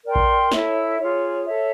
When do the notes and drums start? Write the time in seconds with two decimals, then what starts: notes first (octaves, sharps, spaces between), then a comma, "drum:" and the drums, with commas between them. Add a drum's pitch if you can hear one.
0.05 A#4 D5 G5 C6
0.15 drum: kick A#1
0.52 E4 A4 C#5 E5, drum: snare
0.98 F4 G#4 C#5
1.44 A4 C#5 E5